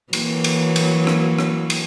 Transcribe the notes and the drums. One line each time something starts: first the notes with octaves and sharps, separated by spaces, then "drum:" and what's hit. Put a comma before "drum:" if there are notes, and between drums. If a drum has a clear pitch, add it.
E3 F#3 A#3, drum: cymbal
drum: cymbal
drum: cymbal
drum: rim click
drum: rim click
drum: cymbal